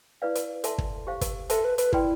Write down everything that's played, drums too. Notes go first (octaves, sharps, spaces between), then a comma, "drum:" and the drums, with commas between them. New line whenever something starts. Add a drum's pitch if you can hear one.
E4 B4 D5 F5
drum: hi-hat
A4 E5 A5 C6, drum: hi-hat
drum: kick
G4 C5 F5
drum: kick, hi-hat
A4 C5 E5 A5 C6, drum: hi-hat
B4
B4, drum: hi-hat
E4 B4 D5 G5 C6, drum: kick